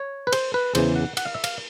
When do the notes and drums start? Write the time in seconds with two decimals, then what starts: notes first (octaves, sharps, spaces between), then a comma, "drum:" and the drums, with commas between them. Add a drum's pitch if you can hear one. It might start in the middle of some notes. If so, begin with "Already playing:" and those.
Already playing: C#5
0.27 B4
0.32 C5, drum: cymbal
0.54 B4
0.75 E2 C#3 E3 C5, drum: cymbal
0.96 F#5
1.17 F#5, drum: cymbal
1.25 F5
1.35 E5
1.44 F5, drum: cymbal